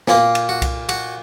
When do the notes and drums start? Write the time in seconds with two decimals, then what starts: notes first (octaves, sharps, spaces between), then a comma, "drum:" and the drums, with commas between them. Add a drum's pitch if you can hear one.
0.08 A#2 A#3, drum: snare
0.35 drum: cymbal
0.49 F#4
0.62 drum: kick C2, cymbal
0.89 F#4, drum: cymbal